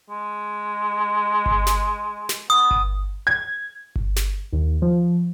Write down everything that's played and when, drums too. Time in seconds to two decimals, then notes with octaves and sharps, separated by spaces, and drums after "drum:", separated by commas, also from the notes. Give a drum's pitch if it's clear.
0.10 G#3
1.46 drum: kick G1
1.67 drum: snare
2.29 drum: snare
2.50 B3 D#6
2.71 drum: kick G1
3.27 G#6
3.96 drum: kick G1
4.16 drum: snare
4.53 D#2
4.82 F3